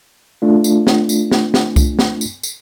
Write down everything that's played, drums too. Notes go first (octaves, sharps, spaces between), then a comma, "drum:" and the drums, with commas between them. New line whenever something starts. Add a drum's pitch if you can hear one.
A3 D4 F4
drum: tambourine
drum: snare
drum: tambourine
drum: snare
drum: snare
drum: kick C2, tambourine
drum: snare
drum: tambourine
drum: tambourine